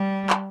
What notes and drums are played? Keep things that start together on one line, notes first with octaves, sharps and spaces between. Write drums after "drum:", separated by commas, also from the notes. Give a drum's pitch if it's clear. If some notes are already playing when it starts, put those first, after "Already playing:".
Already playing: G3
drum: clap